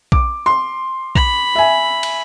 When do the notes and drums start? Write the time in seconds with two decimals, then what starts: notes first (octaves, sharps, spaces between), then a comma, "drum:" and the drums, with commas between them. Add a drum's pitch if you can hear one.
0.12 D6, drum: kick
0.46 C6
1.15 B5, drum: kick
1.55 E5 G#5
2.03 drum: cymbal